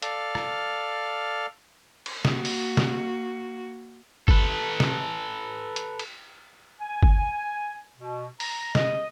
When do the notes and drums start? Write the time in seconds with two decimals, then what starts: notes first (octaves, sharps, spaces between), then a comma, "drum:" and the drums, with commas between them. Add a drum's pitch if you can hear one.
0.02 A4 D5 F5 F6, drum: hi-hat
0.35 drum: rim click
2.06 drum: cymbal
2.25 A#3 F#4, drum: snare
2.45 drum: open hi-hat
2.77 drum: snare
4.28 A4 B4, drum: kick G1
4.80 drum: snare
5.76 drum: hi-hat
5.99 drum: cymbal
6.80 G#5
7.03 drum: kick G1
7.98 B2
8.40 A#5, drum: open hi-hat
8.75 D#5, drum: snare